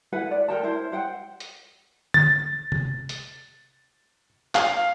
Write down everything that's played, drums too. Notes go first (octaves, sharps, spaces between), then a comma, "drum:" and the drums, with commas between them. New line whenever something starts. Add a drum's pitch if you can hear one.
E4 A4 B4 F#5
D5
A4 A#4 G5 A5
E4 C5
C5 F#5 G5
drum: hi-hat
A6, drum: tom D3
drum: tom C3
drum: hi-hat
F5, drum: clap